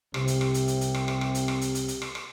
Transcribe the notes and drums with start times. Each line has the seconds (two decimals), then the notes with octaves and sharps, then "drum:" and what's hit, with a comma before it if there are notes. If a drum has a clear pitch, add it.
0.14 C2 C3, drum: rim click
0.28 drum: hi-hat
0.41 drum: rim click
0.54 drum: hi-hat
0.68 drum: hi-hat
0.81 drum: hi-hat
0.94 drum: rim click
1.08 drum: rim click
1.21 drum: rim click
1.35 drum: hi-hat
1.48 drum: rim click
1.61 drum: hi-hat
1.75 drum: hi-hat
1.88 drum: hi-hat
2.02 drum: rim click
2.15 drum: rim click